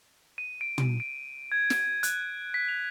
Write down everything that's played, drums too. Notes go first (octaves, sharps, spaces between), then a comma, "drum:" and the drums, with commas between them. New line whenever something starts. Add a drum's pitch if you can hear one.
D#7
D7
drum: tom
D7
G#6
drum: snare
F#6, drum: hi-hat
B6
F7